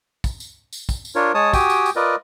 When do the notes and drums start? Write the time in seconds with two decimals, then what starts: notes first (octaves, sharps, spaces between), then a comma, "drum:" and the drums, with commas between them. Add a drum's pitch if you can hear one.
0.24 drum: kick, tambourine
0.40 drum: tambourine
0.73 drum: tambourine
0.89 drum: kick, tambourine
1.05 drum: tambourine
1.15 D4 F4 A#4 C#5
1.34 G#3 C#5 A5 D#6
1.53 F#4 G4 G5 G#5 D#6, drum: kick, tambourine
1.70 drum: tambourine
1.86 drum: tambourine
1.96 F4 A#4 B4 D5 D#5